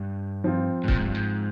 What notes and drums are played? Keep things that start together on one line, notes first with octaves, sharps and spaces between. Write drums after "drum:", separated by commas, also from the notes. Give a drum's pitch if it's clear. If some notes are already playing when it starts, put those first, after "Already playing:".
Already playing: G2
F3 C4 F4
G#2
A#2, drum: kick C#1
G#2
G2
G#2